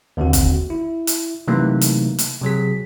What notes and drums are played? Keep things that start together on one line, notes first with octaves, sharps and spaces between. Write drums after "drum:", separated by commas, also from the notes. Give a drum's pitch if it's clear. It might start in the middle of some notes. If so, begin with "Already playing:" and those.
D#2 D3 C4 F#4
drum: kick, hi-hat
E4
drum: hi-hat
C3 E3 F#3 A3 A#3 D#4
drum: hi-hat
drum: hi-hat
C3 F#3 G#4 B6